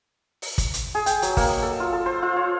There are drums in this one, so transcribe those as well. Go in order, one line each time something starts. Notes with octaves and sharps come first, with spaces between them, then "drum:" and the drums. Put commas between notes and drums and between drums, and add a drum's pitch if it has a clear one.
drum: open hi-hat
drum: kick, hi-hat
drum: hi-hat
G#4
G5, drum: hi-hat
F#3, drum: hi-hat
A#3, drum: kick, open hi-hat
D#5
A4
F4
A4
C5
F4
C#5